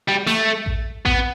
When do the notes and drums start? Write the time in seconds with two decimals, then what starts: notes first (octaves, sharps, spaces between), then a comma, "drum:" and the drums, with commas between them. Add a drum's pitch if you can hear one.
0.09 G3
0.27 A3, drum: snare
0.66 drum: kick A1
1.06 B3, drum: kick A1